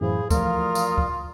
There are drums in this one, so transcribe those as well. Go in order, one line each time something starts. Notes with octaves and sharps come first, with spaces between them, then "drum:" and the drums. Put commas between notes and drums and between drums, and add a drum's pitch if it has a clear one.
F#2 A2 E3 G#4 C5 F5 B5
E3 F3 A3 F4 A#4 D5 F5 D#6, drum: kick C#2, tambourine
drum: tambourine
drum: kick C#2